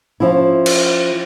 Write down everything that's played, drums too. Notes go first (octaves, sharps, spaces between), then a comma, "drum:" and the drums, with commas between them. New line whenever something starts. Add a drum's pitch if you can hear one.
F3 C#4 E4
drum: cymbal